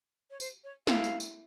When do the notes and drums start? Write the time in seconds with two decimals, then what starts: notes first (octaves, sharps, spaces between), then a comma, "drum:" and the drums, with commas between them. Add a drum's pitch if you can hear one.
0.30 C#5
0.40 C5, drum: tambourine
0.64 C#5
0.87 E4 F5, drum: snare
1.04 drum: tambourine
1.20 drum: tambourine